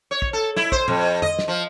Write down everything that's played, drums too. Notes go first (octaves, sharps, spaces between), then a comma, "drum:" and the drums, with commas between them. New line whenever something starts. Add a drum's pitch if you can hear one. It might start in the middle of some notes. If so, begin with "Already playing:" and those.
C#5
drum: kick
A4
E4, drum: snare
C5, drum: kick
F2, drum: tom A#2
D#5, drum: tom F2
drum: snare
F3